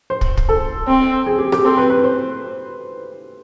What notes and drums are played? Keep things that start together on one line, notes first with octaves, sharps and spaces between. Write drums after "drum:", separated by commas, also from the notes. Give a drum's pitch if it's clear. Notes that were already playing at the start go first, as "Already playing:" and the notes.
C5
drum: kick
drum: kick
A4
C4
G#4
G4
G4, drum: rim click
C4 A4
B4
B4
C5